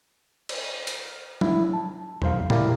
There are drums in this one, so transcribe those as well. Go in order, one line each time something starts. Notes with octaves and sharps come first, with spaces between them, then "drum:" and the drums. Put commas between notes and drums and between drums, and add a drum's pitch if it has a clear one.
drum: cymbal
drum: hi-hat
E4, drum: tom F#3
A5
B1 C5 F5, drum: tom E2
E4 G4 A#4 D5 F5, drum: tom A#2